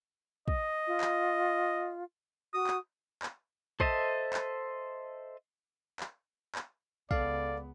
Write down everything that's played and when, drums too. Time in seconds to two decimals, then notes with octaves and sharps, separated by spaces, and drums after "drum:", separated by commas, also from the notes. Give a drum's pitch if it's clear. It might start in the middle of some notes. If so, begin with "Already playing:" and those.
0.48 D#5, drum: kick
0.87 F4
1.01 drum: clap
2.54 F#4 D#6
2.67 drum: clap
3.23 drum: clap
3.80 A4 C5 D#5 E5 A5, drum: kick
4.33 drum: clap
6.00 drum: clap
6.55 drum: clap
7.11 C#2 B3 A4 D5 F5, drum: kick